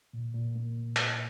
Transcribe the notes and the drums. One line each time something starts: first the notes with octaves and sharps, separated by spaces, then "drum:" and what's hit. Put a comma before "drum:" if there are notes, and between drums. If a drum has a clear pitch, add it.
A#2
A#2
A#3
drum: clap